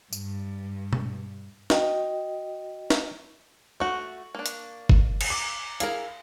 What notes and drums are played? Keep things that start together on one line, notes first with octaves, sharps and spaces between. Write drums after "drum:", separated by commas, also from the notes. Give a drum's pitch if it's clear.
G2, drum: tambourine
drum: tom B2
F#4 D#5 G5, drum: snare
drum: snare
A3 F#4 C#6
A#3 D4
drum: hi-hat
drum: kick G1
drum: cymbal
D6
E4 G#4 A#4 F5, drum: hi-hat